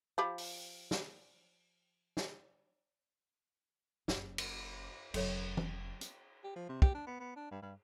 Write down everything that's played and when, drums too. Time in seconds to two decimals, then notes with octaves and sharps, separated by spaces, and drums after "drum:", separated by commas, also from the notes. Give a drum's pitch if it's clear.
0.18 F3 G4 B5
0.38 drum: open hi-hat
0.91 drum: snare
2.17 drum: snare
4.08 F#1, drum: snare
4.38 drum: cymbal
5.14 F1 C#3 F#3 A4 C#5, drum: cymbal
5.57 drum: tom
6.01 drum: hi-hat
6.44 G4
6.56 F3
6.69 C3
6.82 G4, drum: kick
6.94 D4
7.07 B3
7.20 B3
7.36 D4
7.51 G2
7.62 G2